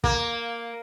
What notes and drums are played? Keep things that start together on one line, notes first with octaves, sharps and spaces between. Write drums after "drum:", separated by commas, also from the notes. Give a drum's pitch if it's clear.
A#3, drum: kick